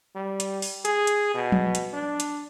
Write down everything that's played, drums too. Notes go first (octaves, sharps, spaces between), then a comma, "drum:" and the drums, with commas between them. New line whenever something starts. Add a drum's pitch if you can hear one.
G3
drum: hi-hat
drum: open hi-hat
G#4, drum: hi-hat
drum: hi-hat
B2
drum: tom F3
drum: hi-hat
D4
drum: hi-hat